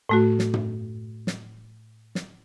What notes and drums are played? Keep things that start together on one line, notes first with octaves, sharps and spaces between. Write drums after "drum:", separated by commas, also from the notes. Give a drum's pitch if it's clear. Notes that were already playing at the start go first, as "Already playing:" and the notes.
A2 A3 F#4
drum: snare
drum: tom
drum: snare
drum: snare